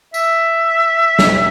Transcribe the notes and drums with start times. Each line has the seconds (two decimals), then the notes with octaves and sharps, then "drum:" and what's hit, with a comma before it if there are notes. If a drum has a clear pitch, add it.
0.14 E5, drum: tambourine
1.19 drum: snare